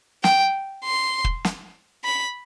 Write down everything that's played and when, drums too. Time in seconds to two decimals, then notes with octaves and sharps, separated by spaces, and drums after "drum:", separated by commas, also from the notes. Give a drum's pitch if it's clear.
0.24 G5, drum: snare
0.85 C6
1.24 drum: kick
1.45 drum: snare
2.05 B5